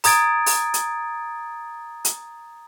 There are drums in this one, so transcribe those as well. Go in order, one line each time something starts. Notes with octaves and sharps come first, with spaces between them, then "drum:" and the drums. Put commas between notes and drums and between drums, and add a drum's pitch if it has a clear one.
A#5 D#6 G#6 A6 D7, drum: open hi-hat
drum: open hi-hat
drum: hi-hat
drum: hi-hat